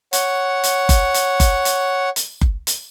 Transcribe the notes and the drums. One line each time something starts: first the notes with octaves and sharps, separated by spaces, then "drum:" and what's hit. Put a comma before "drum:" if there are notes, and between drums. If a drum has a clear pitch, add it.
C#5 F#5, drum: hi-hat
drum: hi-hat
drum: kick F#1, hi-hat
drum: hi-hat
drum: kick F#1, hi-hat
drum: hi-hat
drum: hi-hat
drum: kick F#1
drum: hi-hat